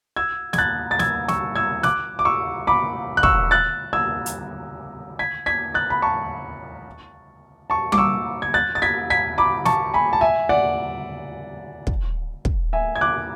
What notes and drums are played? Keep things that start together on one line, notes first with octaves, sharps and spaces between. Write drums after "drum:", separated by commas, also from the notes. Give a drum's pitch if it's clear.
E6 G#6
G#6, drum: snare
F#6 A6
A6
E6 G#6, drum: snare
C#6 E6, drum: snare
E6 G#6
D6 F#6, drum: snare
D6
C#6 E6
B5 D6
F#6
C#6 E6, drum: kick
F#6 A6
E6 G#6
drum: hi-hat
G#6 B6
G#6 B6
F#6 A6
B5
A5 C#6
A5 C#6
D6, drum: tom G3
C#6 E6
G#6
F#6 A6
A6
G#6 B6
G#6 B6
B5 D6
A5 C#6, drum: snare
G#5 B5
A5
E5 G#5
D5 F#5
drum: kick
drum: kick
E5 G#5
G#6
D6 F#6